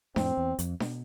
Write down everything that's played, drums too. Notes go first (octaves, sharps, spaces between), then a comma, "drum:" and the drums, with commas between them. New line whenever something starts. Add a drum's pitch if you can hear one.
F2 A2 C4, drum: snare D4
E2
F2, drum: hi-hat
B2, drum: snare D4